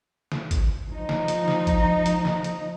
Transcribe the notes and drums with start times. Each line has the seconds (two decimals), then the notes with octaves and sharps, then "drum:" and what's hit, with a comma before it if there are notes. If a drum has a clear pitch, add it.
0.32 drum: snare
0.51 drum: kick, hi-hat
0.90 F3 D#4
1.09 drum: snare
1.28 drum: hi-hat
1.48 drum: snare
1.67 drum: kick, hi-hat
2.06 drum: hi-hat
2.25 drum: snare
2.44 drum: hi-hat